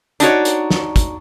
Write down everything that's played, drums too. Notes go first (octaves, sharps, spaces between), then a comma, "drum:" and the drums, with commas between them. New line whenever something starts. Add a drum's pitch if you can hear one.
D4 D#4 F#4 C#5, drum: hi-hat
drum: hi-hat
drum: snare
drum: kick, hi-hat